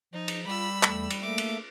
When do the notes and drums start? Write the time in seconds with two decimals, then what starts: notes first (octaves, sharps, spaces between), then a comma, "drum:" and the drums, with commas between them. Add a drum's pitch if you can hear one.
0.13 F3 D#4
0.28 drum: cymbal
0.47 G3 F4 B5 E6
0.83 E2 A3, drum: clap
1.10 drum: cymbal
1.22 A3 A#3 E5 D6
1.38 drum: cymbal